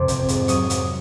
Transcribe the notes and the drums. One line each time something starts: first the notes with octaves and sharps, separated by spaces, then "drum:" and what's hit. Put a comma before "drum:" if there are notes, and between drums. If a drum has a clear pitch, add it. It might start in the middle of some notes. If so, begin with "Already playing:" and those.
Already playing: F2 C3 F4 C6 D6
C4, drum: kick, hi-hat
G#2, drum: hi-hat
F#3 C#6 D#6, drum: hi-hat
F#3, drum: hi-hat